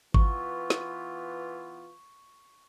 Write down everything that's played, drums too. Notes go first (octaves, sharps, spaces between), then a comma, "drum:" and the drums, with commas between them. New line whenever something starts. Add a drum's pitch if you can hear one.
E3 B3 F4 C#6, drum: kick G#1
drum: snare